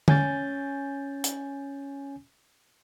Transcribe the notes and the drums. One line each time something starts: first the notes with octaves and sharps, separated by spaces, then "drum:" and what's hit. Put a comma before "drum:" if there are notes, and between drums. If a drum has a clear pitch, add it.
C#4 G#5 G6 A6, drum: tom D3
drum: hi-hat